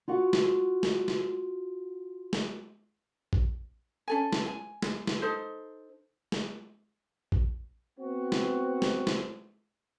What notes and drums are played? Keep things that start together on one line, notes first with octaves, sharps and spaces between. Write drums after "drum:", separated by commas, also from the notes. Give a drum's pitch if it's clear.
F4 F#4 F#5
drum: snare
drum: snare
drum: snare
drum: snare
drum: kick A1
C#4 A4 G#5
drum: snare
G#5
drum: snare
drum: snare
D#4 A4 C5
drum: snare
drum: kick A1
B3 C4 F#4
drum: snare
drum: snare
drum: snare